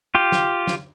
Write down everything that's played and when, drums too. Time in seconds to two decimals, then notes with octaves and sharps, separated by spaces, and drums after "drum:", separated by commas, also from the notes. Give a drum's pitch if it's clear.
0.15 F4 G4
0.32 drum: snare
0.67 drum: snare